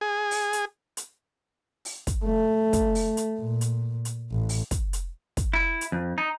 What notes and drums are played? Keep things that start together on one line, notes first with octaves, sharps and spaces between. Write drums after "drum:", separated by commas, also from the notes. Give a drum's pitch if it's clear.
G#4
drum: open hi-hat
drum: hi-hat
drum: hi-hat
drum: open hi-hat
drum: kick, hi-hat
A3
drum: kick, hi-hat
drum: open hi-hat
drum: hi-hat
A#2
drum: hi-hat
drum: hi-hat
A1
drum: open hi-hat
drum: kick, hi-hat
drum: hi-hat
drum: kick, hi-hat
E4
drum: hi-hat
F2
D#4